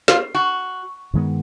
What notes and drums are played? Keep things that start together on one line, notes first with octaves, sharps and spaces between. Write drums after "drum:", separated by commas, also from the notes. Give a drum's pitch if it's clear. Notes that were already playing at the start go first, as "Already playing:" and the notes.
F4, drum: snare
F#4
G2 D#3 G#3 B3